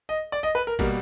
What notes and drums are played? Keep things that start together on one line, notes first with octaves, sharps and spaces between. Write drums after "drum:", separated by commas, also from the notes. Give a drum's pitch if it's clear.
D#5
D5
D#5
B4
A#4
B2 G3 A#3 A#4, drum: kick, cymbal